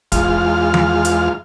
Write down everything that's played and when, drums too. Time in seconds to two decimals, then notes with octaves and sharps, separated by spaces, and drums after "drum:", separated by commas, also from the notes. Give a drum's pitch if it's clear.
0.12 E2 G#3 F4 F5 F6, drum: kick, hi-hat
0.74 drum: tom E3
1.05 drum: hi-hat